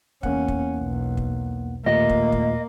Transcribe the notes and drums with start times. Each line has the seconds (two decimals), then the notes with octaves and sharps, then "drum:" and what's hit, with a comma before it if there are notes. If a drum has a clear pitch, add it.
0.23 E2 A#3 C#4 F#5, drum: kick
0.48 drum: kick
0.77 B1
1.17 drum: kick
1.86 D#2 A#2 A3 A#3 D#5
2.09 drum: kick
2.32 drum: kick